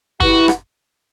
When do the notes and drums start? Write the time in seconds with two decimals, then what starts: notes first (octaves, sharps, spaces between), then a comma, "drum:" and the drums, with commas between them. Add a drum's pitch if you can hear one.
0.20 E4 F#4 G4 B4 F#5, drum: kick
0.48 drum: rim click